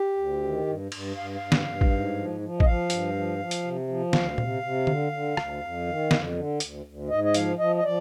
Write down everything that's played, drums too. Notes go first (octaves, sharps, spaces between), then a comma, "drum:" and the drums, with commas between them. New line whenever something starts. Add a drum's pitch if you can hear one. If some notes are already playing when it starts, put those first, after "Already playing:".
Already playing: G4
D2
D#3
G2
G2, drum: cymbal
G2 F5
F5
G2
drum: snare
G2
drum: kick A1
G#2
F3
F3
D#5, drum: kick A1
F3 F5
G2, drum: hi-hat
F3
F3
drum: hi-hat
C3
F3
D2 F5, drum: snare
C3, drum: tom A#2
C3
D3, drum: tom D3
D3
D2, drum: rim click
F2
D#3
F2, drum: snare
D3
D2, drum: hi-hat
D2
G#2 D#5
D#5
F3 F5, drum: hi-hat
F3 D#5
D#5
F3 D5